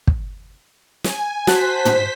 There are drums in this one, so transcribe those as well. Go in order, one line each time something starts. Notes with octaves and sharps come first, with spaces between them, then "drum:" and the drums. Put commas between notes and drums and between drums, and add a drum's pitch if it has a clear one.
drum: kick
G#5, drum: snare
F#4 C5 A5 F#6 B6, drum: snare
drum: tom